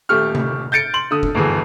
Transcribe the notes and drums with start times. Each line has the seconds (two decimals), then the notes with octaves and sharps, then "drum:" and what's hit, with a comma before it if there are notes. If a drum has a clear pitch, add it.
0.09 D#1 A3 G4 C#6 F6
0.35 drum: tom C3
0.72 G6 A6 C#7 D7
0.94 C6 F#7
1.11 D3 D#6
1.23 drum: kick
1.35 G1 D2 E3 G#4